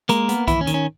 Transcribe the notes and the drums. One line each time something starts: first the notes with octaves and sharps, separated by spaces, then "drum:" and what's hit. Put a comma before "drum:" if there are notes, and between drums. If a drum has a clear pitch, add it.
G#3 A#3 A#4, drum: hi-hat
B3, drum: hi-hat
D#2 E3 E4, drum: kick B1, hi-hat
C#4
D#3, drum: hi-hat
C#4